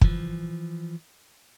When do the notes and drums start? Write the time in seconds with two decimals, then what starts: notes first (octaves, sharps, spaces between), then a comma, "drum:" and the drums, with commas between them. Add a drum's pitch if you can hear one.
0.01 E3 F3, drum: kick